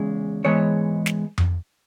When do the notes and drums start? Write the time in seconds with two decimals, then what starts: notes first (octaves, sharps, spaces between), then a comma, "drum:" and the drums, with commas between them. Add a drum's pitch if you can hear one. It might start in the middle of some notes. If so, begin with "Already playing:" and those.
Already playing: E2 C#3 G#3
0.44 G#2 E3 G#3 B3 C#5
1.06 drum: snare
1.38 drum: tom F2